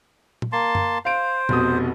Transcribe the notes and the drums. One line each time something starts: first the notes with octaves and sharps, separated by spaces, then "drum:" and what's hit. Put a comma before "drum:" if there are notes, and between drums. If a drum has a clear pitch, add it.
drum: tom A#2
A#3 A5 C6
drum: tom F#2
C5 F5 D7
F1 B2 D#6, drum: tom A#2